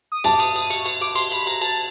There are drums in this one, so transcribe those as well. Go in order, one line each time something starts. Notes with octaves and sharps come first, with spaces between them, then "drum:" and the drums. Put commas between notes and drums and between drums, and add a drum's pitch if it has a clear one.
D#6
A5 D6, drum: cymbal
D#6, drum: cymbal
D#6, drum: cymbal
C#6, drum: cymbal
drum: cymbal
D6, drum: cymbal
C6, drum: cymbal
B5, drum: cymbal
A#5, drum: cymbal
A5, drum: cymbal